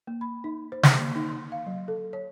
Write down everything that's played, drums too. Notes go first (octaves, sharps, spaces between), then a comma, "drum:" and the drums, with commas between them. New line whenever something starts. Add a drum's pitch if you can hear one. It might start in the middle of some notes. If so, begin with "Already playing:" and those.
A#3
B5
D#4
C5
drum: snare
A#3
D#4
C6
F5
F#3
A4
C#5